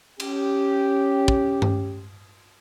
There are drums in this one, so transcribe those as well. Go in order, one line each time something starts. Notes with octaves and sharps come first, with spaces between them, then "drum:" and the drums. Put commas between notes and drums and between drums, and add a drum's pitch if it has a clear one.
C#4 G4, drum: cymbal
drum: kick
drum: tom G2